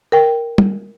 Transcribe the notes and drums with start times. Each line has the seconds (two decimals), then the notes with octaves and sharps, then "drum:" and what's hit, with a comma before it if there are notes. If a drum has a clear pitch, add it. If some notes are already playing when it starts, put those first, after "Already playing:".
0.12 A#4 G5
0.58 drum: tom